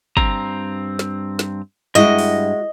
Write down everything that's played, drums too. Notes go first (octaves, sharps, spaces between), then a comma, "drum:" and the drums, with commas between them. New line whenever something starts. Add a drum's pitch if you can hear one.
G2 C4 A#5, drum: kick
drum: snare
drum: snare
G2 G#3 E4 F#4 D#5
drum: open hi-hat